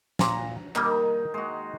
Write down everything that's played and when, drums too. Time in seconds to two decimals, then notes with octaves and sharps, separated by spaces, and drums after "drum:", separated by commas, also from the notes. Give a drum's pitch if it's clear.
0.19 A#2 A#5, drum: snare
0.76 D#3 G3 A#3 D#4, drum: clap
1.34 G#3 A#3 F#4